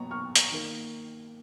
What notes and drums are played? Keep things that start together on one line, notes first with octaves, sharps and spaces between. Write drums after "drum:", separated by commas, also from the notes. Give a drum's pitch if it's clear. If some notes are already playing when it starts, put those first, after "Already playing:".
Already playing: B2 F#3 B3 A#5 C#6
C#6 F6
drum: hi-hat
D#3 A#3